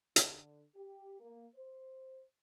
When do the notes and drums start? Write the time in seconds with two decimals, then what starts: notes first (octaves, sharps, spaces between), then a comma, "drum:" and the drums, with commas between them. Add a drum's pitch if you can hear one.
0.16 D3, drum: hi-hat
0.75 G4
1.19 A#3
1.54 C5